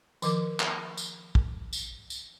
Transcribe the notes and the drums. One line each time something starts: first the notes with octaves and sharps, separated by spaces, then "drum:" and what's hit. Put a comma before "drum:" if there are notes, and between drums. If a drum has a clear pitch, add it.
D#3 F3 A#4 D6, drum: tambourine
drum: clap
drum: tambourine
drum: kick
drum: tambourine
drum: tambourine